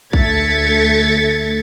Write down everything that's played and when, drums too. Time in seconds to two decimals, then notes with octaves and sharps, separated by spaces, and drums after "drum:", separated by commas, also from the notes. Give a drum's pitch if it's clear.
0.13 D2 A3 G#6 A6 B6 C#7, drum: kick A#1